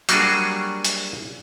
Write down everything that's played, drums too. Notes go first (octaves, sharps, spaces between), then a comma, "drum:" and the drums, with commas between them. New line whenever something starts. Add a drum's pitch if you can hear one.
F#3 G3 A#3 D4 F#4 G#4, drum: hi-hat
drum: hi-hat